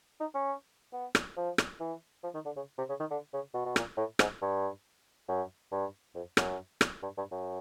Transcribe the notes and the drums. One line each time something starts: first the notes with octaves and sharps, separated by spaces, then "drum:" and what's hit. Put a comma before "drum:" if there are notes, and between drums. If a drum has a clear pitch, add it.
D#4
C#4
B3
drum: rim click
F3
drum: rim click
E3
F3
D#3
D3
C#3
C3
C#3
D#3
D3
C#3
B2
B2
A#2, drum: rim click
A2
G#2, drum: rim click
G2
F#2
G2
F2
F#2, drum: rim click
drum: rim click
G2
G2
F#2